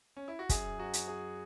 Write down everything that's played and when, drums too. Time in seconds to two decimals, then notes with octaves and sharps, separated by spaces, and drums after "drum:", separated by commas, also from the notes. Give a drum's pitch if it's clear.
0.17 C#4
0.28 E4
0.39 F#4
0.49 F#2 G#4, drum: kick, hi-hat
0.78 F#3 F#4
0.93 drum: hi-hat
1.08 F#3 G#4